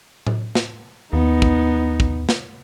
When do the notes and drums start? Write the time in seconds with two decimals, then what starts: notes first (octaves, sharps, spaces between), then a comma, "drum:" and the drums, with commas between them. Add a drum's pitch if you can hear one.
0.27 drum: tom A2
0.55 drum: snare
1.13 D#2 B3 D#4
1.42 drum: kick
2.00 drum: kick
2.29 drum: snare